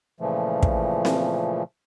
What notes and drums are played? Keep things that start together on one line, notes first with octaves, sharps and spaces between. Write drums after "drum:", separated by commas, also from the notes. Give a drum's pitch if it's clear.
A#2 C#3 E3 F3 A3
drum: kick
drum: snare C4